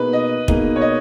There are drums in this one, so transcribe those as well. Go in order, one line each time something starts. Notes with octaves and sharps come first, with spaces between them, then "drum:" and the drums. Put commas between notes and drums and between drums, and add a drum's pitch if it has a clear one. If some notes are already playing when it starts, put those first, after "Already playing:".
Already playing: B2 A#3 D#4 G#4 B4
D#5
B2 A#3 D#4 G#4, drum: kick
C#5
D#5